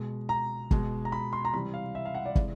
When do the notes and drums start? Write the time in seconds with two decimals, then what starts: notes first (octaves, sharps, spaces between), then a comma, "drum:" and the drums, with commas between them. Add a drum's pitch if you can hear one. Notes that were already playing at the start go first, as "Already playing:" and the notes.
Already playing: B2 G#3
0.29 A#5
0.71 B2 G#3, drum: kick
1.05 A#5
1.12 B5
1.33 C6
1.45 A#5
1.53 C3 E3 G3 B5
1.74 F5
1.95 E5
2.05 F5
2.15 F#5
2.26 D5
2.35 C3 E3 G#3, drum: kick